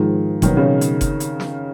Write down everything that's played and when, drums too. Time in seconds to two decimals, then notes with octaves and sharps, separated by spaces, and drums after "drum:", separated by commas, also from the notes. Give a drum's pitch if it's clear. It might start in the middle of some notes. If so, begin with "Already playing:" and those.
Already playing: G#2 D#3 F3 G#3
0.42 B2 D#3 F#3 B3 D#4, drum: kick F#1, hi-hat
0.57 C#3
0.81 drum: hi-hat
1.01 drum: kick F#1, hi-hat
1.20 drum: hi-hat
1.40 drum: snare